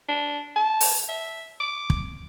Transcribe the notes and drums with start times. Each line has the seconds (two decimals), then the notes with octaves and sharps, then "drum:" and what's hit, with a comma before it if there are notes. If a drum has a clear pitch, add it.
0.08 D4
0.56 A5
0.80 drum: open hi-hat
1.09 E5
1.60 D6
1.90 drum: kick